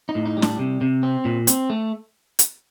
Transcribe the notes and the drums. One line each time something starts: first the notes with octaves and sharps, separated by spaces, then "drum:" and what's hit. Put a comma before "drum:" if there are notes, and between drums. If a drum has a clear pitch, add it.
D#4
A2
D#4
G3
D4, drum: snare
C3
C3
C4
A#2
C4, drum: hi-hat
A3
drum: hi-hat